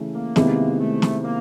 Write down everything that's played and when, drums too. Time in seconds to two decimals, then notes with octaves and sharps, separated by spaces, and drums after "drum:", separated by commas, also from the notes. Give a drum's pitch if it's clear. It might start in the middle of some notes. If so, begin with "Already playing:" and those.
Already playing: C#3 E3 A3
0.14 A#3
0.36 C3 D#3 G#3 B3 E4, drum: snare
0.79 A3
1.02 drum: snare
1.25 A#3